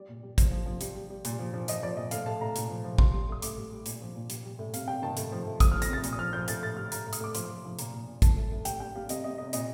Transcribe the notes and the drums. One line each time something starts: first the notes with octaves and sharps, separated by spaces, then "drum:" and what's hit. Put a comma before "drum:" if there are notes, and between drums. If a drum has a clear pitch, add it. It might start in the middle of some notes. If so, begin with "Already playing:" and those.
Already playing: G3 D5
A#2
G3
F3, drum: kick G#1, hi-hat
F3
F3
G3, drum: hi-hat
G3
G3
A#2, drum: hi-hat
F3
F3
F3 D#5, drum: hi-hat
F3 D5
A#2 D#5
A2 F5, drum: hi-hat
A2 A5
A2 A#5
A#2, drum: hi-hat
F3
F3
G3 C6, drum: kick G#1
G3
A2 D#6
A2 D6, drum: hi-hat
G3
G3
A#2, drum: hi-hat
F3
A#2
G3, drum: hi-hat
G3
A2
C3 F5, drum: hi-hat
G3 G5
D#3 A5
A2, drum: hi-hat
F3
A2
F3 D#6, drum: kick G#1, hi-hat
F6
F3
A#6, drum: hi-hat
C3 A6
A#2, drum: hi-hat
D#6
F3 F6
F3 G6
A2 A6, drum: hi-hat
A2 A6
G3 F6
A2 A#5, drum: hi-hat
A2
D#6, drum: hi-hat
A2 D6
F3 C6, drum: hi-hat
D6
F3
F3
A#2 A#5, drum: hi-hat
A#2
A#2
F3 A5, drum: kick G#1, hi-hat
A2
A2
G3 G5, drum: hi-hat
G3 G5
G3 F5
C3 D#5, drum: hi-hat
C3 D#5
C3 D#5
A#2 D#5, drum: hi-hat